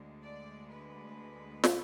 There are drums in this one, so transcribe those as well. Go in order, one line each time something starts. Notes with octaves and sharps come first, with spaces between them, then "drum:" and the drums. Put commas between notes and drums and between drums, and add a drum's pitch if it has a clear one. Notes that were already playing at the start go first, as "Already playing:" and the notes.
Already playing: D2 D3 G#3
D5
B4
drum: snare